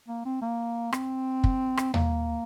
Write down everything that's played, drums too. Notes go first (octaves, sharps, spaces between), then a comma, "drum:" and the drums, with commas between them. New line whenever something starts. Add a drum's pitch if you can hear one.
A#3
C4
A#3
C4, drum: rim click
drum: kick
drum: rim click
A#3, drum: tom D#2